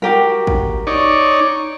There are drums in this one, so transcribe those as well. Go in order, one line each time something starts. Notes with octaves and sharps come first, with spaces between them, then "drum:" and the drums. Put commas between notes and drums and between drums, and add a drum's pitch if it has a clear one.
F#4 G4 A#4
drum: kick
D#4 C#5 D5